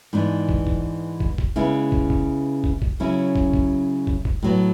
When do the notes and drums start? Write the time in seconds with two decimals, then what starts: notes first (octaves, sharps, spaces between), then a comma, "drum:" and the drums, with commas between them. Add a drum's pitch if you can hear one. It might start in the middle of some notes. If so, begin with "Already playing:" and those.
0.13 G#2 E3 B3 D4
0.49 drum: kick
0.67 drum: kick
1.20 drum: kick
1.38 drum: kick
1.56 C#3 G#3 B3 E4
1.92 drum: kick
2.10 drum: kick
2.64 drum: kick
2.82 drum: kick
3.00 C#3 F#3 C#4 E4
3.36 drum: kick
3.53 drum: kick
4.07 drum: kick
4.25 drum: kick
4.43 A2 F#3 B3